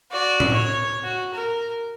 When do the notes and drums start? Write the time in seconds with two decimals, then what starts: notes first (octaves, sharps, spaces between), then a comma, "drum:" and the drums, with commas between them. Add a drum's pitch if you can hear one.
0.12 F#4 D5
0.40 drum: tom A2
0.52 C#5
1.04 F#4
1.34 A#4